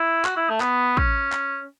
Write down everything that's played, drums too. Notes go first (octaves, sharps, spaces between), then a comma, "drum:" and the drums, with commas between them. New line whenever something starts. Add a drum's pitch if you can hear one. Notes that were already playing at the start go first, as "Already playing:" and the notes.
Already playing: E4
F#4, drum: clap
E4
A3
B3, drum: clap
C#4, drum: kick
drum: clap